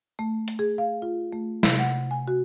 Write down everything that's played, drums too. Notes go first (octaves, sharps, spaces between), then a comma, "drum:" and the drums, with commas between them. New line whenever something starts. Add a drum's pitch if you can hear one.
A3
drum: hi-hat
G#4
F5
F4
A3
C3, drum: snare
F#5
G#5
F#4